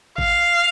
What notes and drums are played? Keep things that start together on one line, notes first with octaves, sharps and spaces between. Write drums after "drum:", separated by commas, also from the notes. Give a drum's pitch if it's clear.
F5, drum: kick A1